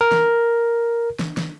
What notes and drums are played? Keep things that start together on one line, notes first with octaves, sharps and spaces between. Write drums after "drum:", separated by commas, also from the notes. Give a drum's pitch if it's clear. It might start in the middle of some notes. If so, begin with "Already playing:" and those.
A#4
drum: snare
drum: snare
drum: snare